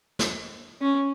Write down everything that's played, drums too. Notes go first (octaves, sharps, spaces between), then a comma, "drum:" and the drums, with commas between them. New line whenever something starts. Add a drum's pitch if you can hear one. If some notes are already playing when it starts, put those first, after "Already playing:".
drum: snare
C#4